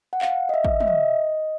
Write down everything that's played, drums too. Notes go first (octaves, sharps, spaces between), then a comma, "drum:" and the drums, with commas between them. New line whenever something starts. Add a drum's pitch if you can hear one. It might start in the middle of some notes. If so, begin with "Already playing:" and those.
F#5
F5, drum: clap
D#5
E5
drum: kick
E5, drum: tom
D#5